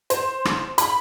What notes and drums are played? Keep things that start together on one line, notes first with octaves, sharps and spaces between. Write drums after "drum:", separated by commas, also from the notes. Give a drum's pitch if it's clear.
C5, drum: hi-hat
drum: rim click
B5, drum: hi-hat